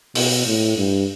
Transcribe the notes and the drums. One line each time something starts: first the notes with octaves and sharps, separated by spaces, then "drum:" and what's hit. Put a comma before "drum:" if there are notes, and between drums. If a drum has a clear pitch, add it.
B2, drum: open hi-hat
A2
G2